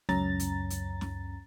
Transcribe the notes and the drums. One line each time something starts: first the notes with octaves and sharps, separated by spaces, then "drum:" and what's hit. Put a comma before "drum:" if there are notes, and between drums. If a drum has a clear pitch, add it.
C#2 F#2 C#4 A#5 A6, drum: snare
drum: hi-hat
drum: hi-hat
drum: snare